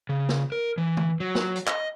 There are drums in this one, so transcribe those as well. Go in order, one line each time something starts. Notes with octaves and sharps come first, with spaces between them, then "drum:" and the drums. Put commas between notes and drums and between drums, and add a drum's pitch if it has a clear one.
C#3
drum: snare
A#4
E3
drum: tom
F#3
drum: snare
drum: hi-hat
D#5, drum: clap